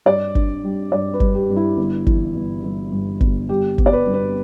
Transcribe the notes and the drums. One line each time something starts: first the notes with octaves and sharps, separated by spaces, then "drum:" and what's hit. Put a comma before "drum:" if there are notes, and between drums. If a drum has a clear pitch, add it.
G2 D5
D4, drum: kick G1
G3
G2 D5
B4
G2, drum: kick G1
G4
G2
E4
G1
E3, drum: kick G1
G1
G1
G2
G1, drum: kick G1
G3 G4
B3, drum: kick G1
D5
B4
G2
B4